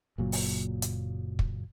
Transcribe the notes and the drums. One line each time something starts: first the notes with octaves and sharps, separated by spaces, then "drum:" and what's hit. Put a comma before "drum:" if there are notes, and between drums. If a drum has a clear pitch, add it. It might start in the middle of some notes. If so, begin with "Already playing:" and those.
F#1 A#2 F#3
drum: open hi-hat
drum: hi-hat
drum: kick